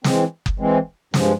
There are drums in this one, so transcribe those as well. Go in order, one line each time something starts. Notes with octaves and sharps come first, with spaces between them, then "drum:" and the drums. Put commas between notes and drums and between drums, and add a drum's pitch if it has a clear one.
E3 G#3 C4, drum: snare
drum: kick F#1
E3 G#3 C4
G2 F3 G#3, drum: snare